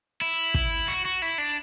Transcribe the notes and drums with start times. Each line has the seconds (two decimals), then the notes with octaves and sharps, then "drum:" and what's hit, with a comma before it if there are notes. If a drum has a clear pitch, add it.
0.21 E4
0.54 drum: kick
0.88 F#4
1.05 F#4
1.22 E4
1.38 D4